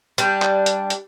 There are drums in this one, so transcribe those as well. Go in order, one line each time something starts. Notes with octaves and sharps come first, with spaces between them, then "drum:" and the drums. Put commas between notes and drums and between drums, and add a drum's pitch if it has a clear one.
G3 D4, drum: hi-hat
drum: clap
drum: hi-hat
drum: hi-hat